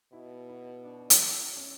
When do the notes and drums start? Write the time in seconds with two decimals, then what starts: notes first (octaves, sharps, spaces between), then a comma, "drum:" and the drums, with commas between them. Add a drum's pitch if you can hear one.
0.12 B2 E4
0.49 E4
0.84 D4
1.10 drum: hi-hat
1.56 C#4